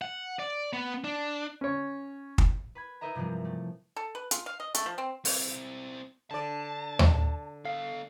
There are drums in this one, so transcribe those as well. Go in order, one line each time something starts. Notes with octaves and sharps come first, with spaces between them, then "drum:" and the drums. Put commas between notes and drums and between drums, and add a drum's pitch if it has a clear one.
F#5
D5
B3
D4
C#4 C#5
drum: kick
B4 B5 G#6
D#4 A#4 B4 D#5 E5 A#5
G2 C3 E3 F3 G3 G#3
A3
A4
B4
F4, drum: hi-hat
F5
D#5
A3, drum: hi-hat
F3
C4
C4 E4, drum: open hi-hat
D3 D5 A5
drum: tom D#2
B3 A4 F5